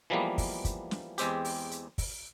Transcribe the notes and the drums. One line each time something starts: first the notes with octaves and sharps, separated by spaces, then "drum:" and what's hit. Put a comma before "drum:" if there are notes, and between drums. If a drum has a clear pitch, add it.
E3 F3 G3 G#3 A#3 B3
drum: kick, open hi-hat
drum: kick, hi-hat
drum: snare
E2 G#3 C4 G4, drum: hi-hat
drum: open hi-hat
drum: hi-hat
drum: kick, open hi-hat